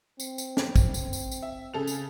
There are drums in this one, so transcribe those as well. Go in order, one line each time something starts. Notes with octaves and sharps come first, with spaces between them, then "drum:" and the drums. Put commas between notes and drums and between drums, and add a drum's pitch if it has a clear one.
C4, drum: tambourine
drum: tambourine
drum: snare
drum: kick, tambourine
drum: tambourine
drum: tambourine
drum: tambourine
E5
C#3 A4 F7
drum: tambourine